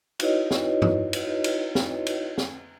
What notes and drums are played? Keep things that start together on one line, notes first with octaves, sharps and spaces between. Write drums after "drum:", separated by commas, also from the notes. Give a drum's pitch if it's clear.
D#4 E4 F#4 B4 C#5 D#5, drum: cymbal
drum: snare
drum: tom G2
drum: cymbal
drum: cymbal
drum: snare
drum: cymbal
drum: snare